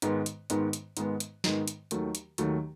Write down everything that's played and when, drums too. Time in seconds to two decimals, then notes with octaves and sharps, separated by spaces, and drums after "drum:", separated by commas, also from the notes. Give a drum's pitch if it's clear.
0.02 G#2 D#3 G#3 B3, drum: hi-hat
0.26 drum: hi-hat
0.50 G#2 D#3 G#3 B3, drum: hi-hat
0.73 drum: hi-hat
0.97 G#2 D#3 G#3 B3, drum: hi-hat
1.20 drum: hi-hat
1.44 G#2 D#3 G#3 B3, drum: snare
1.68 drum: hi-hat
1.91 D#2 D#3 F#3 A3, drum: hi-hat
2.15 drum: hi-hat
2.38 D#2 D#3 F#3 A3, drum: hi-hat